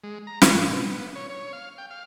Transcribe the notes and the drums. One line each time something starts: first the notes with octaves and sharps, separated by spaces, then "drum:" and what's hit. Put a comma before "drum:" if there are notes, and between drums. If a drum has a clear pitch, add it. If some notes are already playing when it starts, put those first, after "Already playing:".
G#3
A#5
D4, drum: snare
G#2
B2
B3
C#5
C#5
F5
G5
F5